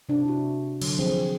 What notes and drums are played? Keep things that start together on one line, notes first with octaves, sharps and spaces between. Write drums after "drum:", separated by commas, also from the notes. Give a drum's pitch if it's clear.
C3 D4
E4 F#4
D3 F#3, drum: cymbal
F3 C4 G#4